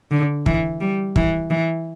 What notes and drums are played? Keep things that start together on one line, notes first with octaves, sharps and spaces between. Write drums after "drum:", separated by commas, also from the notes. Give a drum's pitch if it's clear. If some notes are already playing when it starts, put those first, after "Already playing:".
D3
E3, drum: kick
G3
E3, drum: kick
E3